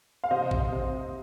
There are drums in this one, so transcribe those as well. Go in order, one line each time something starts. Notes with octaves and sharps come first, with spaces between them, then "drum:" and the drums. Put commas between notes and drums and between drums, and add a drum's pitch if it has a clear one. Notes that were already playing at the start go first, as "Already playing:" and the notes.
F5
C3 C5 D#5
drum: kick
C3